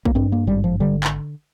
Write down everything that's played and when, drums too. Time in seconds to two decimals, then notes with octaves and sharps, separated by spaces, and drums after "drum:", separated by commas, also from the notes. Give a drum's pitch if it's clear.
0.05 A#3, drum: kick
0.15 G2 C4
0.32 A#3
0.47 G#1 G3
0.64 F3
0.80 D3 G3
1.04 drum: clap